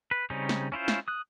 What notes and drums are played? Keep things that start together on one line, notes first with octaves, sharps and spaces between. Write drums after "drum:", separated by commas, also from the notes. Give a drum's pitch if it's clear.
B4
C#3 G3 C4 C#4 D#4
drum: snare
C#4 E4 F4 C5
drum: snare
D#6 F#6